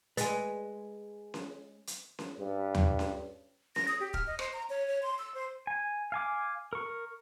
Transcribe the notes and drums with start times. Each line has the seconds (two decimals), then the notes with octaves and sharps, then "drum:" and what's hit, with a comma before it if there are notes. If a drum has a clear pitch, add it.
0.17 G#3 B4 G#5, drum: hi-hat
1.34 drum: snare C#4
1.87 drum: hi-hat
2.19 drum: snare C#4
2.40 G2
2.75 drum: tom D#2
2.99 drum: snare C#4
3.76 A#6, drum: snare C#4
3.88 D#6
4.00 G4
4.14 F6, drum: kick
4.27 D#5
4.39 C5, drum: rim click
4.53 A#5
4.70 C#5
4.88 C#5
5.03 C6
5.19 E6
5.34 C5
5.67 G#5
6.12 F5 G#5 D6
6.73 A#4 C#6